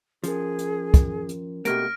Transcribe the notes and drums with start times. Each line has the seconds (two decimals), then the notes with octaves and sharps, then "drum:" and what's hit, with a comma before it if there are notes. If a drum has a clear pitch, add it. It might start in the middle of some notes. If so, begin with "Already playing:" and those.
0.24 F3 C#4 G#4 A#4, drum: hi-hat
0.59 drum: hi-hat
0.94 drum: kick, hi-hat
1.29 drum: hi-hat
1.65 B2 A3 A#3 G4 F6 A#6 D7, drum: hi-hat